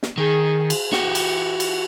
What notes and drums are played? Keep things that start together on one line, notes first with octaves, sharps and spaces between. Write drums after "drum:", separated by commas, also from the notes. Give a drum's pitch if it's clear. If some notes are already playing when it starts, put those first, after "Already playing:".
drum: snare
D#3 G#4
drum: cymbal
E3 F#4 G4, drum: snare
drum: cymbal
drum: cymbal